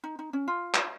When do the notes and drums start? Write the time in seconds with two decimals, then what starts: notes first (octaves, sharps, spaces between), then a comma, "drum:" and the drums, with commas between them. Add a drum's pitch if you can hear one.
0.04 D#4
0.19 D#4
0.33 C#4
0.48 F4
0.74 drum: clap